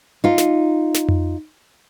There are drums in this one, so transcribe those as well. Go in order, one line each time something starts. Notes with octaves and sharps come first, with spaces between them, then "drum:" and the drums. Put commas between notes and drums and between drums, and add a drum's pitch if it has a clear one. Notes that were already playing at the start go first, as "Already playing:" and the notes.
D#4 F4
drum: snare
drum: snare
drum: tom F2